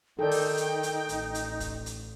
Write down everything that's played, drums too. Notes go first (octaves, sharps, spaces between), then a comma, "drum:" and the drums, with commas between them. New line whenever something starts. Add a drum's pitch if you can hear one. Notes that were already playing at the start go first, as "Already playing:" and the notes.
D#3 D#4 A4 D5 G5
drum: open hi-hat
drum: hi-hat
drum: hi-hat
A1, drum: hi-hat
drum: hi-hat
drum: kick, hi-hat
drum: hi-hat